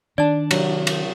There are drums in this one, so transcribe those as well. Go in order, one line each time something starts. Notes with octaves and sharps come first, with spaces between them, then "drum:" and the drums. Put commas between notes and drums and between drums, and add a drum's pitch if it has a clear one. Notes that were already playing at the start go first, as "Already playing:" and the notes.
D#3 D4 D5 A5
C3 F#3, drum: cymbal
drum: cymbal